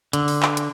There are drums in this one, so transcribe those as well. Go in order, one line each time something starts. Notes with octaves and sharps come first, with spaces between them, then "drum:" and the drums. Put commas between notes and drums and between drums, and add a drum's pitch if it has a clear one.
D3, drum: hi-hat
drum: open hi-hat
drum: clap
drum: hi-hat